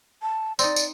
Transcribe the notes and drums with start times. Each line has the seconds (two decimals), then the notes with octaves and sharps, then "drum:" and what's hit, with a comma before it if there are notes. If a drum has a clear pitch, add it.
0.22 A5
0.59 C4 D#4 D5, drum: tambourine
0.76 drum: tambourine